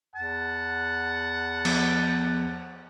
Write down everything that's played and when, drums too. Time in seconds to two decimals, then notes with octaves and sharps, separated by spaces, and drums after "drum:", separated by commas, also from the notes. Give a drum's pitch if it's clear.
0.16 E2 F#5 A5
1.65 F3 B3, drum: cymbal